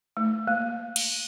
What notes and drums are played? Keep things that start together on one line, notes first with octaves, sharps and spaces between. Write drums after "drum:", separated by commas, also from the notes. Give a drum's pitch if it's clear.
A3
A#3
drum: cymbal